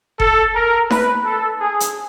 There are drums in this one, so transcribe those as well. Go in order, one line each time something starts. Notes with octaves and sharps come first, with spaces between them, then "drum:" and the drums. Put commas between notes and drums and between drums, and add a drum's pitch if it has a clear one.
A4, drum: kick F#1
A#4
B4, drum: snare D#4
A4
G#4
drum: hi-hat